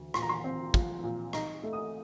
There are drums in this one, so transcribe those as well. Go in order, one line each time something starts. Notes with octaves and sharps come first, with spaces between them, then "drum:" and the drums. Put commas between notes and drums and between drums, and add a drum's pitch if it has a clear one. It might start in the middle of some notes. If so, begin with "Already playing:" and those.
Already playing: D2
A#2 C6, drum: rim click
A#5
C6
C4
F3, drum: kick
A#2
D#4 A#5, drum: rim click
A3
D#6